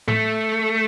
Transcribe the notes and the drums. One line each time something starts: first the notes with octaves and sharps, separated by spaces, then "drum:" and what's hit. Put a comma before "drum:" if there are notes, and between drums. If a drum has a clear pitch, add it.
A3, drum: tom A2